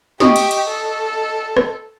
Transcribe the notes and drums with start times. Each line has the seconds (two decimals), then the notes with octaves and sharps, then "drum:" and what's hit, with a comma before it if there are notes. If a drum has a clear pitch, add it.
0.20 G4 D#5 C#6 D#6, drum: snare
0.36 drum: cymbal
0.51 drum: cymbal
0.68 A4
1.57 drum: rim click